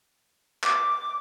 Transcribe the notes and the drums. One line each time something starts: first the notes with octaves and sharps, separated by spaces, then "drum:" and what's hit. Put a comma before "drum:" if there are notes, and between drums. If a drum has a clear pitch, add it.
D6, drum: clap